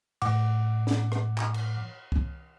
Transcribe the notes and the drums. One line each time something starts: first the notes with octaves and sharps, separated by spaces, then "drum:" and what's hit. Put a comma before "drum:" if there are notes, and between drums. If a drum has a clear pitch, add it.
A2 F#5 D6, drum: cymbal
drum: snare
drum: rim click
drum: clap
drum: cymbal
drum: kick C2